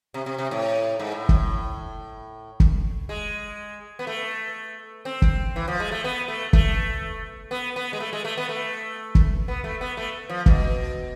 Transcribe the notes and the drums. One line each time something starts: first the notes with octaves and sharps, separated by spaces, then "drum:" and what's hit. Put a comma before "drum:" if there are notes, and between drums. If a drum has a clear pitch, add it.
C3
C3
C3
A2
G#2
A2
drum: kick
drum: kick
G#3
B3
A3
C4
drum: kick
E3
F3
G#3
A3
B3
A3
A3, drum: kick
B3
B3
G#3
A3
G#3
A3
B3
A3
drum: kick
B3
A3
B3
A3
F3
B2, drum: kick